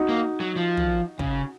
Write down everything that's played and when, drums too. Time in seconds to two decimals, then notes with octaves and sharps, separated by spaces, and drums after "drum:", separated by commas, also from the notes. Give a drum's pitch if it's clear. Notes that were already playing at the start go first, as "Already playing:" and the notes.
Already playing: D#4 F#4
0.09 A#3
0.40 F#3
0.56 F3
0.77 drum: tom
1.19 C#3, drum: kick